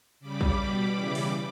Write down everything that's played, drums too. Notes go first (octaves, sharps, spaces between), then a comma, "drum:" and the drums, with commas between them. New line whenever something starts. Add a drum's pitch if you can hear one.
C#3 G3 B5 D6
drum: kick
B2 G3
C#3 E3 G3
drum: open hi-hat